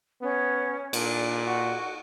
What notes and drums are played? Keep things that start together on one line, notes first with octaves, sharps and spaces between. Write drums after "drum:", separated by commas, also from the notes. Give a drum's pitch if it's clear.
B3 C#4
A#2 D4, drum: cymbal
F#4